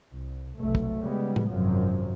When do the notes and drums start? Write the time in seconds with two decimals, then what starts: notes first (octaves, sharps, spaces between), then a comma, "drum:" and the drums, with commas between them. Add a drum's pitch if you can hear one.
0.13 C2
0.57 F1 B1 A3
0.75 drum: kick
1.00 C#3 G3 G#3 B3
1.36 drum: tom A2
1.49 G#1 F#2 C3 F3 F#3